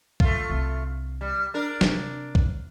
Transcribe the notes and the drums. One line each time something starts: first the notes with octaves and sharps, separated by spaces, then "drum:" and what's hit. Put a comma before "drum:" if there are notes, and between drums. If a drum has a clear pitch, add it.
A3 F4, drum: kick B1
C2 D3
G3
D4 A#4
C3, drum: snare
drum: kick B1